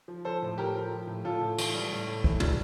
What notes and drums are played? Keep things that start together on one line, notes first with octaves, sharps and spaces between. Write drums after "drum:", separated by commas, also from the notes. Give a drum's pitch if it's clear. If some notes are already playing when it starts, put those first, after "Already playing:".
F3
F3 A4 C5
A2
A2 G4 A#4
F3
F3
A2
A2 F4 A4
A2
E3, drum: cymbal
G3
A2
A2
E3, drum: kick
G3, drum: tom